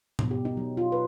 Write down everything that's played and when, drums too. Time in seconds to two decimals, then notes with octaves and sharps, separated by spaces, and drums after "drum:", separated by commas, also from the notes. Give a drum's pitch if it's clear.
0.19 B2, drum: tom G#2
0.31 G4
0.45 D#4
0.57 F#3
0.77 F4
0.92 B4